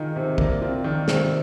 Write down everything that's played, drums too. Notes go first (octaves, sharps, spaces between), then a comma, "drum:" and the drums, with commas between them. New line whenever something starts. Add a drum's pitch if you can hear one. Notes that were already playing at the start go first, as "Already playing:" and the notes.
Already playing: D#3 D#4 F4 G#4
C3
A#3 D4, drum: kick
C4 F4
D#3 D4
C3 D#4, drum: snare